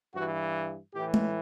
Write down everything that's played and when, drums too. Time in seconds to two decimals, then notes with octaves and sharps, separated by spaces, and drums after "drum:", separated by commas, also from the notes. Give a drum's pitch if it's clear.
0.14 G2 E3 F#4
0.93 A2 E3 G4
1.14 drum: tom